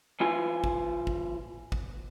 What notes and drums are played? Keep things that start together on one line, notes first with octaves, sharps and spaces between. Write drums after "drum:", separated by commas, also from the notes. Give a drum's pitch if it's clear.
E3 F4 G#5
drum: kick G#1
drum: kick G#1
drum: kick G#1